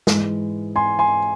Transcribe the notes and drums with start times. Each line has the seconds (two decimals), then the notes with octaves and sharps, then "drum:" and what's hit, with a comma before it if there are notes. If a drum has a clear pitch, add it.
0.07 G#2 E3 G#3, drum: snare
0.76 G#5 C6
0.99 G#5 C6